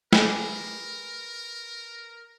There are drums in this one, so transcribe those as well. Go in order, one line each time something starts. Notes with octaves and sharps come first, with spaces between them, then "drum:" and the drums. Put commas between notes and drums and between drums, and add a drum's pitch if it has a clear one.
G#4 A#4 B4 D6, drum: snare